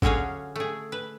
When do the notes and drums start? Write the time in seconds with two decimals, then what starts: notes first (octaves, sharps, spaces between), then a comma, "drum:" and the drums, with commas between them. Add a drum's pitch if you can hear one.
0.02 D3 F#3 C#4 G#4 C#5 F5, drum: kick
0.56 A3 G#4
0.92 B4